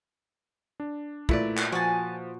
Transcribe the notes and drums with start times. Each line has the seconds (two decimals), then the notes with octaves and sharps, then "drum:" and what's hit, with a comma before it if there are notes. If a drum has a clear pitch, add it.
0.80 D4
1.29 A#2 A3 E4 B4 D5, drum: kick
1.57 drum: clap
1.72 F3 F#4 G#5 A5